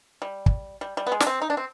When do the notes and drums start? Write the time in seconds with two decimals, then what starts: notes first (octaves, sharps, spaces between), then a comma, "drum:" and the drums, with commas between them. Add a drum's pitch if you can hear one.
0.22 G3
0.46 drum: kick
0.81 G3
0.97 G3
1.07 B3
1.12 G#3
1.20 D4, drum: snare
1.27 C4
1.42 D#4
1.50 D4
1.57 C4